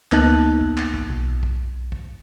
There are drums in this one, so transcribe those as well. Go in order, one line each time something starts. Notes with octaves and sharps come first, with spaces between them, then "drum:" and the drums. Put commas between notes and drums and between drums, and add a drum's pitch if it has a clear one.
D2 A#3 B3 D#4 A5 F#6, drum: clap
drum: kick
drum: clap
drum: kick
B1
drum: kick
drum: kick